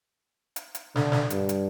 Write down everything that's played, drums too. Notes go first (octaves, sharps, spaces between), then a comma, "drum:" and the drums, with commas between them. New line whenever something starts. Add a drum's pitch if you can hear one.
drum: hi-hat
drum: hi-hat
D3, drum: snare
drum: snare
G2, drum: hi-hat
drum: hi-hat